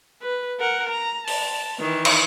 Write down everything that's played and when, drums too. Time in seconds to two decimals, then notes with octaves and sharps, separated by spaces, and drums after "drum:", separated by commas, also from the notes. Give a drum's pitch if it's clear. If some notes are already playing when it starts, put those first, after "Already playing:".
0.22 B4
0.60 A#4 F#5
0.90 A#5
1.27 A5, drum: open hi-hat
1.79 D#3 E3
2.05 drum: cymbal